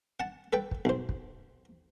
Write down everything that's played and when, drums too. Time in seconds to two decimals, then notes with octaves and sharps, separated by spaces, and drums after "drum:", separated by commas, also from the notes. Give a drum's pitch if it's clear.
0.20 F#5 A5
0.53 A4 B4 G5
0.71 drum: kick
0.85 B1 C5
1.09 drum: kick